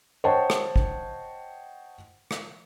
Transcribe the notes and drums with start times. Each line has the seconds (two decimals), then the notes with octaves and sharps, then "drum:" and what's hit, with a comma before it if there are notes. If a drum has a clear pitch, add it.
0.24 C5 C#5 D#5 F#5 G5 A5
0.50 drum: rim click
0.76 drum: kick G#1
2.31 drum: rim click